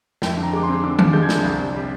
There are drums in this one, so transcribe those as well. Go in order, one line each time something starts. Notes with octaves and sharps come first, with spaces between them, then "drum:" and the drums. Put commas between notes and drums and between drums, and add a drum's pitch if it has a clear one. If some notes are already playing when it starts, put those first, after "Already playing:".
F2 G5, drum: snare
D3
A#5
G#3 D6
C6
C4
D3 D6
F3, drum: tom D#3
G#3 G6
G#6
D4 G6, drum: snare
C2
C3
G3